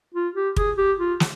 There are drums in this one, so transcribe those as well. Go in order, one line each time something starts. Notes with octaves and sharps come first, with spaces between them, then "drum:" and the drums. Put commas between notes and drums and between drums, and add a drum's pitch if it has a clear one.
F4
G4
G#4, drum: kick
G4
F4
drum: snare